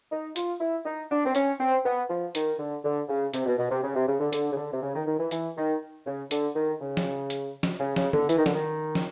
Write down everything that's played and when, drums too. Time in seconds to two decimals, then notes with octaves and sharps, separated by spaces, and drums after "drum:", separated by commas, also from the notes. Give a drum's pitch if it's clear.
0.12 D#4
0.36 F4, drum: hi-hat
0.60 E4
0.86 D#4
1.11 D4
1.26 C4
1.35 C#4, drum: hi-hat
1.60 C4
1.85 B3
2.10 F3
2.35 D#3, drum: hi-hat
2.59 D3
2.84 D3
3.08 C#3
3.34 C3, drum: hi-hat
3.46 B2
3.58 B2
3.70 C3
3.83 C#3
3.96 C3
4.07 C#3
4.20 D3
4.33 D3, drum: hi-hat
4.52 C#3
4.57 D3
4.73 C3
4.83 C#3
4.95 D#3
5.07 D#3
5.19 E3
5.31 E3, drum: hi-hat
5.57 D#3
6.06 C#3
6.31 D3, drum: hi-hat
6.55 D#3
6.81 C#3
6.97 drum: snare
7.30 drum: hi-hat
7.63 drum: snare
7.80 C#3
7.96 C#3, drum: snare
8.13 D3, drum: tom D3
8.29 E3, drum: hi-hat
8.38 D#3
8.46 D3, drum: snare
8.54 D#3
8.95 drum: snare